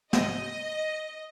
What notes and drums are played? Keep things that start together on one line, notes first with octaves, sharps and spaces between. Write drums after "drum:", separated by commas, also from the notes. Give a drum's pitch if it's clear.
D#5, drum: snare